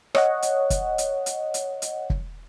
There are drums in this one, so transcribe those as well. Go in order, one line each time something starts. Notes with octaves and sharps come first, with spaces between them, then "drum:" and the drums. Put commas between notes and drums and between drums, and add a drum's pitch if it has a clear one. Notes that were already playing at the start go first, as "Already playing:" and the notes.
C#5 D#5 F#5, drum: rim click
drum: hi-hat
drum: kick, hi-hat
drum: hi-hat
drum: hi-hat
drum: hi-hat
drum: hi-hat
drum: kick